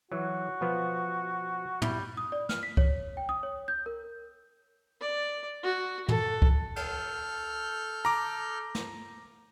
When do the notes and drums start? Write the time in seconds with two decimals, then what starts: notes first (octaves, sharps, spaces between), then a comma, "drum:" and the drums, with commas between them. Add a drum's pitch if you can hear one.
0.12 E3 F#3 F#4
0.61 B2 F3 B3
1.82 G3 E4, drum: tom
2.17 D#6
2.32 D5
2.49 F6, drum: snare
2.63 B6
2.77 C#5, drum: kick C2
3.17 G5
3.29 D#6
3.43 C#5
3.68 G6
3.86 A#4
5.01 D5
5.63 F#4
6.08 A4, drum: tom
6.42 drum: kick C2
6.76 A4 F6 G6, drum: cymbal
8.05 A#5 D6
8.75 drum: snare